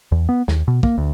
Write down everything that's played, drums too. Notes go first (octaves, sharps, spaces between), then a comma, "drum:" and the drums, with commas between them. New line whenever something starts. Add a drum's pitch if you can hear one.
E2
B3
D#2, drum: snare
B2
A#3, drum: kick
D2